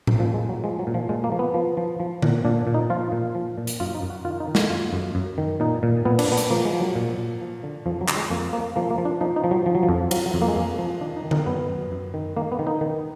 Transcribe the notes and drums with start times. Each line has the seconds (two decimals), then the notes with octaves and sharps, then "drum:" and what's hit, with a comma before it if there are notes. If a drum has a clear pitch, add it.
0.07 drum: tom A2
0.19 A#2 F3
0.34 G#3
0.42 A#2
0.49 F#3
0.64 F3 G#3
0.79 F#3
0.87 A#2
0.94 F3
1.09 A#2 G#3
1.24 A#3
1.32 F3
1.39 B3
1.54 F3
1.77 F3
2.00 F3
2.22 A#2, drum: tom D3
2.45 A#2 D4
2.67 A#2
2.74 D#4
2.90 F3 F4
3.12 A#2
3.35 F3
3.58 A#2
3.67 drum: hi-hat
3.80 F#2 F4
3.95 D#4
4.02 F#2
4.10 F#4
4.25 D#3 F4
4.40 D#4
4.48 D#3
4.55 F#4, drum: snare
4.70 F#2 F4
4.93 F#2
5.15 F#2
5.38 D#3
5.60 A#2 D#4
5.83 A#2
6.05 A#2 B3
6.19 D4, drum: cymbal
6.28 A#2 B3
6.37 drum: hi-hat
6.50 F3 A#3
6.65 G#3
6.73 F3
6.80 F#3
6.95 A#2
7.18 A#2
7.41 F3
7.63 D3
7.86 F2 F3
8.01 F#3
8.08 D3, drum: clap
8.16 G#3
8.30 F2 A#3
8.53 F3 A#3
8.76 F3 A#3
8.91 A#3
8.98 F3
9.05 D4
9.21 F3 D#4
9.36 D#4
9.44 F3
9.51 F#3
9.66 F3
9.75 F#3
9.83 F3
9.89 F2
10.11 F3 F#3, drum: cymbal
10.26 F#3
10.34 F2
10.42 A#3
10.48 G#3
10.56 F2 A#3
10.78 F3
11.01 D#3 D4
11.16 D#4
11.24 D#3
11.31 D#4, drum: tom D3
11.46 F#2 B3
11.69 F#2
11.92 F#2
12.14 D#3
12.37 D#3 A#3
12.52 B3
12.59 D#3
12.67 D#4
12.81 D#3